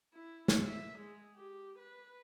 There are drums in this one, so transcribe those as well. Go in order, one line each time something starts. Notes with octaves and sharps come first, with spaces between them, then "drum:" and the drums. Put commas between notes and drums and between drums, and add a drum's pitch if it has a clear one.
E4
drum: snare
E5
G#3
G4
B4